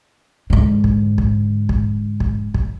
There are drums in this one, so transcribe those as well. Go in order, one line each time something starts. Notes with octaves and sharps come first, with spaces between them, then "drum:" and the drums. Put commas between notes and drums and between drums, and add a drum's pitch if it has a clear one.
G#2 D3
drum: kick
drum: kick
drum: kick
drum: kick
drum: kick